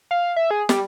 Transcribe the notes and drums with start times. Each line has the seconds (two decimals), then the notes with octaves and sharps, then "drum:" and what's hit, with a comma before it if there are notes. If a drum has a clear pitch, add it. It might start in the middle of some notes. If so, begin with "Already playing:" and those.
0.11 F5
0.36 E5
0.51 G#4
0.69 G3, drum: snare